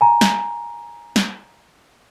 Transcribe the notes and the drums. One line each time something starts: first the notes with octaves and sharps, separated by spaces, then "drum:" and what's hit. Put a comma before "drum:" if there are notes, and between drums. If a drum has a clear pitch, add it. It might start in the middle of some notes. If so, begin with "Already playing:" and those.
G#5 A#5
drum: snare
drum: snare